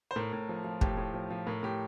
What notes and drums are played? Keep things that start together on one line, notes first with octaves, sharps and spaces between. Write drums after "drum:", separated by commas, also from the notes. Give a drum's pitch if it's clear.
C5
A2 A#4
A2
F3
F3
A2 G4, drum: kick
A2
F3
F3
A2 A#4
A2 G4